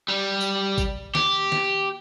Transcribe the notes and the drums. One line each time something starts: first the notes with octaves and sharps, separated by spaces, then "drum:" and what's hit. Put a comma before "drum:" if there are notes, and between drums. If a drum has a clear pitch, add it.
G3
drum: tambourine
drum: kick, tambourine
G4, drum: snare
drum: snare